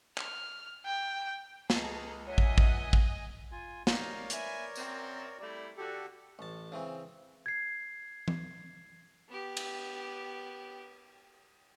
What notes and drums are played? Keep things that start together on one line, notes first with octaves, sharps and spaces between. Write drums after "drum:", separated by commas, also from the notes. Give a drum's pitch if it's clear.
F6, drum: clap
G5
C#2 G#4 A4 A#5, drum: snare
C#5 D#5 E5 F#5 G#5
drum: kick
drum: kick
drum: kick
F4 G#5
D#4 G4 A#4 C#5 D5 F5, drum: snare
B4 E5 G#5, drum: hi-hat
F#2 C4, drum: tambourine
G3 A3 E4 D5
D3 F#4 G4 A4
A1 A5
C#3 E3 C4
G#6 C7
drum: tom
B3 G4
drum: cymbal